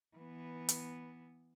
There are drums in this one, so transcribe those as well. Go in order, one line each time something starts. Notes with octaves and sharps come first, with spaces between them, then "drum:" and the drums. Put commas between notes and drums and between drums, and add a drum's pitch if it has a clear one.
E3 B3
drum: hi-hat